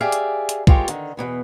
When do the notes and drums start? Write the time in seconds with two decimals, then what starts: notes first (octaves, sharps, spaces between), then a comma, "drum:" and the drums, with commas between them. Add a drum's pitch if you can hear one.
0.01 G4 G#4 D5 E5 F5
0.12 drum: hi-hat
0.49 drum: hi-hat
0.67 E3 G#3 F4 G4 A4 C#5, drum: kick
0.88 D3 D#3, drum: hi-hat
1.17 E2 G#2 B2 E3